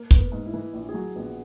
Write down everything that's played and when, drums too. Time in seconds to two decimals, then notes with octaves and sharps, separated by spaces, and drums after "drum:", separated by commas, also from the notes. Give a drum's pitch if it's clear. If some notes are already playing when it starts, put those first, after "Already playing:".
Already playing: A#3
0.11 B3, drum: kick
0.18 A#3
0.32 G#2
0.46 E4
0.54 E3
0.73 A#1
0.89 G#4
0.94 F#3 F#4
1.16 A#1 B3